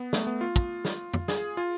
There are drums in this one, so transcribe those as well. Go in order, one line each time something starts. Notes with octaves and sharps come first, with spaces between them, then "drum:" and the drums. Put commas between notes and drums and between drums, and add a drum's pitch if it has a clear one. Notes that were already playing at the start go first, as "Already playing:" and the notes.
Already playing: B3
A3, drum: snare
B3
F4
drum: kick
drum: snare
drum: tom
G#4, drum: snare
F4